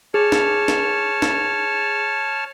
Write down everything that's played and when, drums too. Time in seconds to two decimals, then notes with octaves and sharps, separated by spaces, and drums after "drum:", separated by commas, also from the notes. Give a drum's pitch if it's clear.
0.14 G#4 C#5 A5 F6
0.32 drum: snare
0.68 drum: snare
1.22 drum: snare